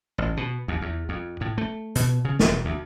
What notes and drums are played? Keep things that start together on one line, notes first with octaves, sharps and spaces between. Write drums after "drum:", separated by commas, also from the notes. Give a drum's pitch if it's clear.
A1
B2
D#2
E2
F2
A2
A3
B2, drum: hi-hat
C#3
E1, drum: snare
D2